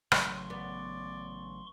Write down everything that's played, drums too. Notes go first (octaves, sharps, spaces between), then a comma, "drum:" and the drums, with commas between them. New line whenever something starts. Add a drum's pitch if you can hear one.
A1 C#3 F#3 C6 C#6, drum: rim click
B3 D5